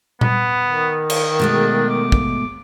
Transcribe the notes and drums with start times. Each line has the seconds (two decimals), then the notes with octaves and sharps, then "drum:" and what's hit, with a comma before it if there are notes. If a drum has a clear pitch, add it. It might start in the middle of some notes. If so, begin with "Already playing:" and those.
0.21 B3, drum: tom A#2
0.67 D#3
1.10 drum: cymbal
1.39 B2 G#3 A3 D4
1.89 D6
2.12 drum: kick